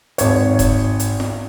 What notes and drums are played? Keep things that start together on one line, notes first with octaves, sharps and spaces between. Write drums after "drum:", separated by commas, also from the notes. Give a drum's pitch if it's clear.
G#1 C#5, drum: hi-hat
drum: kick E1, hi-hat
drum: hi-hat
drum: snare